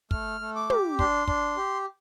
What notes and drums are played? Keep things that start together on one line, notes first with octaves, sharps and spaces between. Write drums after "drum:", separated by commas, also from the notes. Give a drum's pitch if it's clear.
A3 F6, drum: kick
A3
D6
G4, drum: tom
D4 C6, drum: kick
D4, drum: kick
G4